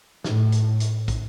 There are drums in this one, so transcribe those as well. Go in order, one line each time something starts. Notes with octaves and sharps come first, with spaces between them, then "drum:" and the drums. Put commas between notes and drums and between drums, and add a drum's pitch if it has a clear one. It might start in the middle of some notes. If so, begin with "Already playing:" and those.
A2, drum: snare
drum: hi-hat
drum: hi-hat
drum: kick, hi-hat